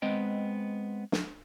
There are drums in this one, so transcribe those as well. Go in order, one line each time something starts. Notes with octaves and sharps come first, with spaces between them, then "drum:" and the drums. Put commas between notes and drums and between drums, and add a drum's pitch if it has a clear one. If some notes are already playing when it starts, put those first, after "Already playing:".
G#3 B3 C4 D#5 G5
drum: snare